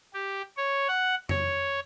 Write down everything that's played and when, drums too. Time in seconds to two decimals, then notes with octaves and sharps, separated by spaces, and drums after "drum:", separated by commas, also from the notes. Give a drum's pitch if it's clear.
0.14 G4
0.57 C#5
0.88 F#5
1.29 C#5, drum: tom F2